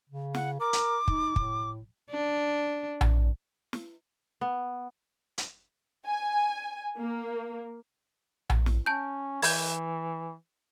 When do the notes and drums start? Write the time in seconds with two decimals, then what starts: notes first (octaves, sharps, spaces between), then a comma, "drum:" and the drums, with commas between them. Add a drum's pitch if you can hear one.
0.09 C#3
0.35 F#5, drum: snare
0.60 A#4 D6
0.73 drum: hi-hat
1.08 D#4, drum: kick
1.36 A2, drum: kick
2.10 D4
3.01 drum: tom A#1
3.73 drum: snare
4.41 B3
5.38 drum: hi-hat
6.07 G#5
7.00 A#3
8.50 drum: tom A#1
8.66 drum: snare
8.86 C#4 A5 G6
9.42 E3 G6 G#6, drum: open hi-hat